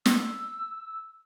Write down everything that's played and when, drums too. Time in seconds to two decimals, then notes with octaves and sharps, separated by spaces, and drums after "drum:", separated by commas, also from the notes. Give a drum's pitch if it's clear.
0.06 E6, drum: snare